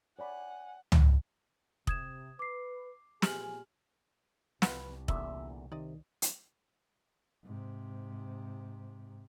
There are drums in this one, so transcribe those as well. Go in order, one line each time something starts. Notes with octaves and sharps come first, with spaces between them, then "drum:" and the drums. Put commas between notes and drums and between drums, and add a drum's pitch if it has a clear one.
C#5 D5 F#5 G#5 B5
drum: tom C#2
C3 D#6 G#6 E7, drum: kick
B4 D6 C7
A#2 G4 G#4 G#5 F6 F#7, drum: snare
C2 F4 B4 F#5, drum: snare
E2 A#2 D3 E5, drum: kick
C3 D#3 D5 D#5
drum: hi-hat
G#2 C3